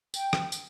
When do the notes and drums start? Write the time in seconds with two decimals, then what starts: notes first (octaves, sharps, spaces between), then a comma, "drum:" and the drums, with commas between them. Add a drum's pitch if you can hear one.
0.14 G5, drum: tambourine
0.33 drum: rim click
0.52 drum: tambourine